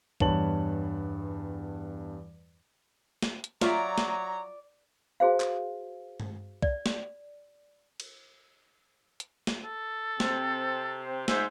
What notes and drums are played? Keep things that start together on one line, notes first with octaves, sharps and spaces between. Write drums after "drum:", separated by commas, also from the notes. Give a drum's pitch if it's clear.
E2 G2 B4 C#5 A5 F#7, drum: kick
drum: snare
drum: hi-hat
F#3 F4 D5 E5 A#5, drum: snare
drum: snare
F#4 G#4 C5 F5
drum: clap
drum: tom G2
D5, drum: kick
drum: snare
drum: cymbal
drum: hi-hat
drum: snare
A4
C3 C4, drum: snare
G#2 C5 E5, drum: snare